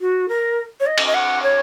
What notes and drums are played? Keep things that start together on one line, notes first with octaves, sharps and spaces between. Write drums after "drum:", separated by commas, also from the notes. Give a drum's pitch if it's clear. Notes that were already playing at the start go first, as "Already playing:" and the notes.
F#4
A#4
C#5
D#5
drum: cymbal
D#5
F#5
C#5